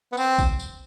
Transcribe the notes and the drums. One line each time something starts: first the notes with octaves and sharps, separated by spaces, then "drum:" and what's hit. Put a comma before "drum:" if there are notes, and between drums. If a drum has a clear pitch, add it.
B3
C4, drum: tambourine
drum: kick, tambourine
drum: tambourine